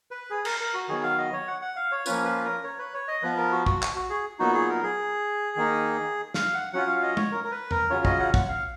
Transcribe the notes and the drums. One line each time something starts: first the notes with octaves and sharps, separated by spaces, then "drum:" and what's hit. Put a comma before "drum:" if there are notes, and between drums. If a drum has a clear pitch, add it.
B4
G#4
A#4, drum: cymbal
A#4
F#4
D#3 F#3 B3 G#4
F5
D#5
C#5
F#5
F#5
F5
C#5
F3 A#3 C#4 F4 B4, drum: tambourine
B4
A#4
C#5
B4
C#5
D#5
F3 B3 F4 B4
A#4
F#4
F#4, drum: kick
drum: clap
F#4
G#4
A#2 F#3 B3 D#4 F#4
G#4
A#4
G#4
D#3 A#3 D#4
F5, drum: snare
F#5
F#3 C#4 F4 F#5
F5
D#5
C#5, drum: tom
A#4
A#4
B4
A#4, drum: tom
C#3 F#3 C#4 F4 C#5
D#5, drum: kick
F#5
F#5, drum: kick
F5